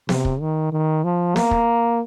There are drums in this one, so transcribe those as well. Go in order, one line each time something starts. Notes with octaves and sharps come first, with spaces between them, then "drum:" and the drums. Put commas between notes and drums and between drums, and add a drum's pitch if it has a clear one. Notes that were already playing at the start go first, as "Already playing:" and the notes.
C3, drum: snare
drum: kick
D#3
D#3
F3
A#3, drum: snare
drum: kick